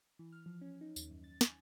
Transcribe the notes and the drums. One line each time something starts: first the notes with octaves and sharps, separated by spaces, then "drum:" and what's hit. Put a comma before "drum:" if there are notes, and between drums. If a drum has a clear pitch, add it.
E3
F6
F3
C#4
D#4
D#2, drum: tambourine
F#2
A6
G#5, drum: snare